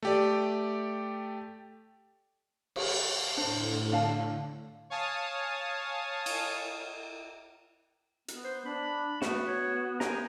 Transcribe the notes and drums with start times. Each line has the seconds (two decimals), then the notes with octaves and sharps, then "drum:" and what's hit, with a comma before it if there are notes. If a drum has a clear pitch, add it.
0.03 A3 G4 D5
2.76 drum: cymbal
3.37 A2 D3 D4 C5
3.92 D4 F5 A5
4.90 C#5 F5 G#5 A5 D#6
6.26 drum: cymbal
8.28 B3, drum: hi-hat
8.44 C5
8.66 D4 B5
9.22 A3 B3 F#4, drum: snare
9.47 C#5
10.00 G4 A#4 G#5 A#5, drum: snare